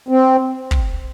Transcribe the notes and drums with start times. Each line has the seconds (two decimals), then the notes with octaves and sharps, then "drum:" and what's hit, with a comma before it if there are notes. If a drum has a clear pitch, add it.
0.08 C4
0.71 drum: kick